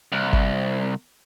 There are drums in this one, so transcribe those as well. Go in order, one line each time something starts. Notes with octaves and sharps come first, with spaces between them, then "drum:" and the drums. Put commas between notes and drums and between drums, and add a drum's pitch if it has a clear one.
C2
drum: kick G1